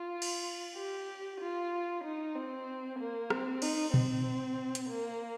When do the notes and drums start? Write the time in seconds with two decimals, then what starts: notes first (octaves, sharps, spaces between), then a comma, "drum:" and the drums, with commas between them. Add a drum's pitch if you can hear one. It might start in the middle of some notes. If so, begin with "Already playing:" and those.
Already playing: F4
0.22 drum: cymbal
0.76 G4
1.40 F4
2.04 D#4
2.35 C4
2.99 A#3
3.30 C4, drum: rim click
3.62 D#4, drum: cymbal
3.94 C4, drum: tom A#2
4.75 drum: hi-hat
4.89 A#3